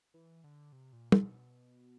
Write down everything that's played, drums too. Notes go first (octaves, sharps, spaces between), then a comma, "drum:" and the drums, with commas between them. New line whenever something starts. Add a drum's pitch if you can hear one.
E3
D3
C3
A#2
B2, drum: tom